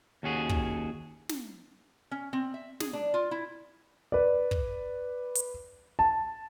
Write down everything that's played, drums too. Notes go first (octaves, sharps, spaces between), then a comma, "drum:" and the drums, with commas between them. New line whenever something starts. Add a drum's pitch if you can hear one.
D#2 C#4 F#4 G#4
drum: kick
drum: snare
C#4
C4
E5
G#4, drum: snare
D4
F4
E4
B4 D5
drum: kick
drum: hi-hat
A5